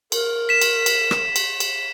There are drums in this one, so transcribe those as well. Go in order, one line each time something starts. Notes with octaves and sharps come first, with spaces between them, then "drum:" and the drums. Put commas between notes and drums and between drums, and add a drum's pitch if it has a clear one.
A#4, drum: cymbal
B6 E7
drum: cymbal
drum: cymbal
drum: rim click
drum: cymbal
drum: cymbal